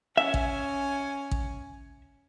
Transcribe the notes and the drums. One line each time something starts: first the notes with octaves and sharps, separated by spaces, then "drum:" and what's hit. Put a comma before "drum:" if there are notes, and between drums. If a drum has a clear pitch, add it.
C#4 E5 G#5
drum: kick A1
drum: kick A1